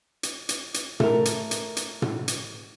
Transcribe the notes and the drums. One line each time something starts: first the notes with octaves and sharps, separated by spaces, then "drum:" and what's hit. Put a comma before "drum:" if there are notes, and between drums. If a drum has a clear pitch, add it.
drum: hi-hat
drum: hi-hat
drum: hi-hat
A3 A#4, drum: tom
drum: hi-hat
drum: hi-hat
drum: hi-hat
drum: tom
drum: hi-hat